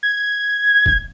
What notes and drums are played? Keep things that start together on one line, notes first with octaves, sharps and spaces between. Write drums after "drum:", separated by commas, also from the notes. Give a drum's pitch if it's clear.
G#6
drum: kick